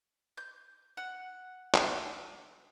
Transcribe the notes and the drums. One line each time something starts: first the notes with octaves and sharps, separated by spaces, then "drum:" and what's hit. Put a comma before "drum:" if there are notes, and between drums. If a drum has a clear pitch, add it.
G6
F#5
drum: clap